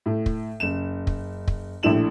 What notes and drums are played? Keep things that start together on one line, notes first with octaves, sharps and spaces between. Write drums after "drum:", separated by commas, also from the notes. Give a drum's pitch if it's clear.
A2
drum: kick
F#1 E7
drum: kick
drum: kick
A#1 A2 D4 E4 E7 F#7